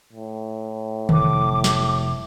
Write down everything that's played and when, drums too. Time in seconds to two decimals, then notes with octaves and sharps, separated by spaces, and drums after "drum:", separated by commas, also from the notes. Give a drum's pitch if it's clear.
0.13 A2
1.09 F1 D6, drum: tom D3
1.64 drum: snare